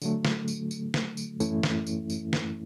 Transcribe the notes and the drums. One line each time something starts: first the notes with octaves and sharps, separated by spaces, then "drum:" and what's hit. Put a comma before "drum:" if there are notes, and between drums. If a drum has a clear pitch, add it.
D3 F#3 A3, drum: tambourine
drum: snare
drum: tambourine
drum: tambourine
drum: snare
drum: tambourine
F#2 E3 A3 C#4 E4, drum: tambourine
drum: snare
drum: tambourine
drum: tambourine
drum: snare